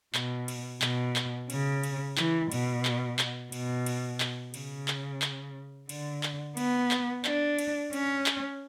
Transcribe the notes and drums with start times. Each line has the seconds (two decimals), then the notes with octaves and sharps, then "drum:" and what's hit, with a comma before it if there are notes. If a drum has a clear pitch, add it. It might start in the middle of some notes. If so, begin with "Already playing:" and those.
0.15 B2, drum: clap
0.48 drum: cymbal
0.82 B2, drum: clap
1.16 drum: clap
1.50 C#3, drum: cymbal
1.83 drum: cymbal
2.17 E3, drum: clap
2.52 B2, drum: cymbal
2.85 drum: clap
3.19 drum: clap
3.52 B2, drum: cymbal
3.86 drum: cymbal
4.20 drum: clap
4.54 C#3, drum: cymbal
4.88 drum: clap
5.22 drum: clap
5.89 D3, drum: cymbal
6.23 drum: clap
6.57 B3, drum: cymbal
6.91 drum: clap
7.25 D4, drum: clap
7.59 drum: cymbal
7.93 C#4, drum: cymbal
8.26 drum: clap